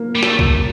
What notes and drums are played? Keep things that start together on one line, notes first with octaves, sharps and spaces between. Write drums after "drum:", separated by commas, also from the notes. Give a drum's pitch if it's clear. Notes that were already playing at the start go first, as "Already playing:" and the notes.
Already playing: A#3
G3
A3, drum: snare
drum: kick C2